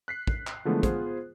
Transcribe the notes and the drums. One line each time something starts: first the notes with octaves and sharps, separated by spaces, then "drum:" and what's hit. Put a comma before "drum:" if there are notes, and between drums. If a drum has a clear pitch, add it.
F#6 B6 C7
drum: kick
drum: clap
D3 E3 F3 G#3 A3 B3
B3 F4 G#4 C5, drum: kick, hi-hat